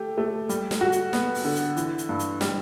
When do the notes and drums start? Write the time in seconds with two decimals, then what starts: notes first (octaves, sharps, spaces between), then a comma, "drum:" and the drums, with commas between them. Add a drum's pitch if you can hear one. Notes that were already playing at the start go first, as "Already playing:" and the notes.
Already playing: A3 G4
0.18 A3
0.49 G3, drum: hi-hat
0.71 drum: snare
0.81 F#4
0.92 drum: hi-hat
1.13 B3, drum: snare
1.34 drum: open hi-hat
1.45 D3
1.56 drum: hi-hat
1.77 E3, drum: hi-hat
1.98 drum: hi-hat
2.09 G2
2.19 drum: hi-hat
2.41 G3, drum: snare